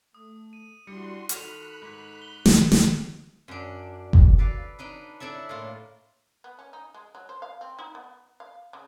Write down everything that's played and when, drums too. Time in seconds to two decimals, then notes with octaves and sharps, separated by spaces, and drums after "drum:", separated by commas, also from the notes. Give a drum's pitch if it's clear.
0.15 A3 D#6
0.53 D#7
0.87 G3 D4 E4 F#4 C6 C#7
1.29 D#3 A4 B5 C#6 F6 F#6 F7, drum: hi-hat
1.82 G#2
2.22 G7
2.46 drum: snare
2.72 drum: snare
3.48 F#2 D4
4.13 drum: kick F#1
4.38 A4 B4 D5 F5
4.79 D4 D#4 B4
5.20 D4 E4 A4 E5
5.49 A2 A#3 F4
6.44 B3
6.59 C#4
6.73 D#4
6.94 G#3
7.15 F#3
7.29 C5
7.42 F5
7.61 C4
7.79 D#4
7.95 B3
8.40 F5
8.73 C#3